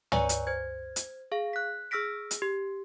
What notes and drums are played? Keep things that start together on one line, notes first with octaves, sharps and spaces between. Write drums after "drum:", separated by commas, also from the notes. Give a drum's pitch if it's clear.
B4 C#5 D5 G#5 A#5 C#6, drum: tom
drum: hi-hat
C5 G#6
drum: hi-hat
G#4 F5
F#6 B6
G#4 E6 F6 A#6 B6 D7
drum: hi-hat
G4